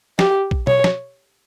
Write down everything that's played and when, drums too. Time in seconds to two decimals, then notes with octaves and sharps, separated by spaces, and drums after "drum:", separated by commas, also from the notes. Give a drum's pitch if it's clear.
0.19 G4, drum: snare
0.51 drum: kick
0.67 C#5, drum: tom B2
0.84 drum: snare